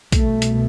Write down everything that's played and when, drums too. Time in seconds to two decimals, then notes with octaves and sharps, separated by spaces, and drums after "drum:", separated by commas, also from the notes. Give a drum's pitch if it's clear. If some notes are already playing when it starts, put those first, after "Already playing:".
0.12 C2 B2 A3, drum: kick, hi-hat
0.42 drum: hi-hat